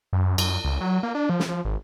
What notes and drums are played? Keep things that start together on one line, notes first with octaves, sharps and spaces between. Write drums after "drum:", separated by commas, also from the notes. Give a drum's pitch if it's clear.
F#2
F#2, drum: cymbal
C#2
F#3
A#3
D4
F3
drum: snare
F3
G#1